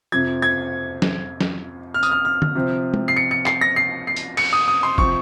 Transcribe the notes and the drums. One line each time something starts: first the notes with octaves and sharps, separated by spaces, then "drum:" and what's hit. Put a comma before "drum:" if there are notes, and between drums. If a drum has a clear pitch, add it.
F2 C3 F3 G#6
G#6
drum: snare
drum: snare
F6
D#6, drum: tambourine
F6
F6
drum: tom
C3 F3 C4
drum: tom G#3
C7
C#7
C#7
C7, drum: clap
A#6
C7
C7
drum: hi-hat
C#7, drum: cymbal
D#6
D#6
C6
C3 F3 C4 C#6, drum: kick G1